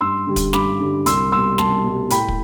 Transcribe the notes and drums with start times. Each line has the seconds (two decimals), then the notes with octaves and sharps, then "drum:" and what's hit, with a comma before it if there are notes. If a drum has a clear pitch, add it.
0.01 G2 C6 E6
0.27 D3 G3
0.36 drum: kick, hi-hat
0.53 G2 B5 D6, drum: snare
0.80 D3 G3
1.06 C2 C6 E6, drum: hi-hat
1.32 B2 G3 C6 E6
1.58 C2 A5 C6, drum: snare
1.85 B2 G3
2.10 A2 G5 B5, drum: hi-hat
2.28 drum: kick